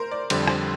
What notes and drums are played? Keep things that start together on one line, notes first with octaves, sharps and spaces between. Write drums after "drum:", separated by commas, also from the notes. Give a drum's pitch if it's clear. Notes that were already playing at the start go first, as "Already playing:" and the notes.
Already playing: A#4 C5
D5
F2 D3 G3 C5, drum: cymbal
C5, drum: rim click